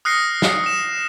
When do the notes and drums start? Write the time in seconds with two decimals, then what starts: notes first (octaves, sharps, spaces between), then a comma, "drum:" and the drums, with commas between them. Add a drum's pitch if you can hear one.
0.05 D#6 F6 F#6 A#6 C7 C#7
0.42 drum: snare
0.64 D#6 E7